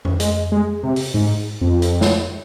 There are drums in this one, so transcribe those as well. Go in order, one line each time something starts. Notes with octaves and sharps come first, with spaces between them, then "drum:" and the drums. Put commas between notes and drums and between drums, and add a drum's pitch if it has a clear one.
drum: tom F2
G#3, drum: hi-hat
G#3
C3
drum: open hi-hat
G#2
F2
drum: hi-hat
drum: snare